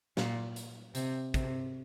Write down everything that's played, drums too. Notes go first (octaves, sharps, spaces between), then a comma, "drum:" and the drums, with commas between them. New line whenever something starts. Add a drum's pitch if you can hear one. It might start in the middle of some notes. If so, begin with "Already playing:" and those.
A#2, drum: snare
drum: hi-hat
C3, drum: hi-hat
C3, drum: kick, hi-hat